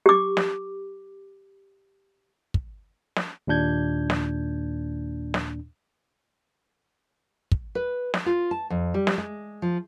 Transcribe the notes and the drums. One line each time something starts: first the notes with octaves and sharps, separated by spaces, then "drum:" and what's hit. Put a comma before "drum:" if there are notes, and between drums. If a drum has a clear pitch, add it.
G4 D6
drum: snare
drum: kick
drum: snare
D#2 A#2 D4 G6 G#6
drum: snare
drum: snare
drum: kick
B4
drum: snare
F4
A5
F2
G3
drum: snare
G#3
F3